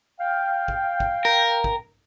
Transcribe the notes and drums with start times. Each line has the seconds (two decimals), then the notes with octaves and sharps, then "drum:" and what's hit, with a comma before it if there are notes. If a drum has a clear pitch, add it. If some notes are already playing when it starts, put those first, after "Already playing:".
0.20 F5 G5
0.68 drum: kick
1.00 drum: kick
1.25 A#4
1.64 drum: kick